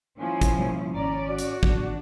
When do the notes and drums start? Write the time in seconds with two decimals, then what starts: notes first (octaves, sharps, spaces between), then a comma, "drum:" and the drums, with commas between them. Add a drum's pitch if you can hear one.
0.20 F3 C#4 E4 G#5
0.41 drum: kick, hi-hat
0.59 B2 G3 A#3
0.94 G#1 C#4 D5 A#5
1.28 F#4
1.39 drum: hi-hat
1.63 D1 G#1 D4, drum: kick